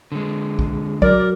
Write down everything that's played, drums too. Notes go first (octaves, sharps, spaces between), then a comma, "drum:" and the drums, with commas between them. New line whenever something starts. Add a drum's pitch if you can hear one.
D3 G#3
drum: kick
F#3 A#4 D5, drum: kick